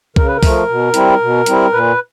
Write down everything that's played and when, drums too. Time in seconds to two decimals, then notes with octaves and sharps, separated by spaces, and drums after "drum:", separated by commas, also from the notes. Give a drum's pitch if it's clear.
0.16 C#3 A#4, drum: kick C2
0.27 B4
0.37 A#4
0.43 F3 A3, drum: kick C2, open hi-hat
0.68 B2
0.94 G3 C4 E4, drum: hi-hat
1.21 B2
1.46 G3 C4 E4, drum: hi-hat
1.71 A#2 B4